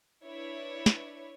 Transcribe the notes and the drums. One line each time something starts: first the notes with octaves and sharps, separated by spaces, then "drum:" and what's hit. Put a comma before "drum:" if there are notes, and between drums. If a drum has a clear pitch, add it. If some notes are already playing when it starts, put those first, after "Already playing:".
D4 E4 B4 C#5
drum: snare